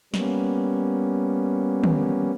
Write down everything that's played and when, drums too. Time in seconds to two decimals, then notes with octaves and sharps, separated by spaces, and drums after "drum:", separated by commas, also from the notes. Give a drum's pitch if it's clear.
0.14 G3 A#3 B3 C#4, drum: snare
1.84 drum: tom